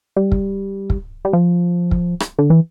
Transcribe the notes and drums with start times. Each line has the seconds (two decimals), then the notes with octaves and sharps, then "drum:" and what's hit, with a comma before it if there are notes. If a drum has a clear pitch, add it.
0.16 G3
0.32 drum: kick
0.90 drum: kick
1.25 G3
1.33 F3
1.91 drum: kick
2.20 drum: rim click
2.39 D3
2.50 E3